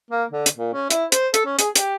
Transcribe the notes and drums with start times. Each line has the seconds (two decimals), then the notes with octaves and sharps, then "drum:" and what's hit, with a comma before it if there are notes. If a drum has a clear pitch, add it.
0.11 A#3
0.32 D3
0.46 drum: hi-hat
0.57 A#2
0.74 C#4
0.90 E4, drum: hi-hat
1.12 C5, drum: hi-hat
1.34 A4, drum: hi-hat
1.46 C#4
1.59 G#4, drum: hi-hat
1.75 G4, drum: hi-hat